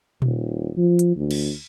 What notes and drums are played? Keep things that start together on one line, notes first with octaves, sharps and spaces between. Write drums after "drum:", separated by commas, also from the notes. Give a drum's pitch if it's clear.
D#1, drum: tom A#2
F3
drum: hi-hat
D2
drum: cymbal